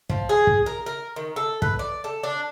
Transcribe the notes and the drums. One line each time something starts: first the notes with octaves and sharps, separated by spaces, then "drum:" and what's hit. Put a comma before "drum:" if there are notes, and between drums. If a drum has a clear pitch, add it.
F3, drum: kick
G#4
drum: kick
A#4
A#4
D#3
A4
B4, drum: kick
D5
A4
D4